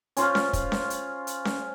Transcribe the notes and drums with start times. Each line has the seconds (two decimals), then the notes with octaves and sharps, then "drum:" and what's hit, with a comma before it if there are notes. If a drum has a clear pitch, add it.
0.17 C#4 F4 C5, drum: hi-hat
0.35 drum: snare C#4
0.53 drum: kick, hi-hat
0.72 drum: snare C#4
0.90 drum: hi-hat
1.27 drum: hi-hat
1.45 drum: snare C#4